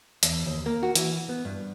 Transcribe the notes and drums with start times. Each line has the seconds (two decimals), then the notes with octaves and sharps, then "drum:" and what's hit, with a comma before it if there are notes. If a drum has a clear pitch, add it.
0.23 E2, drum: hi-hat
0.46 D#2
0.66 A#3
0.83 F#4
0.95 E3, drum: hi-hat
1.29 B3
1.45 G2